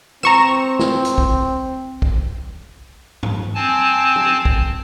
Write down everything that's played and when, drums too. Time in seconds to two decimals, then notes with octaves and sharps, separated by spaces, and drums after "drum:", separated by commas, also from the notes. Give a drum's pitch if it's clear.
0.23 C4 A#5 C#6 E7, drum: rim click
0.79 drum: snare
1.05 drum: hi-hat
1.18 drum: kick
2.02 drum: kick
3.23 drum: tom G2
3.54 C4 G#5 A5
4.16 drum: tom F3
4.45 drum: kick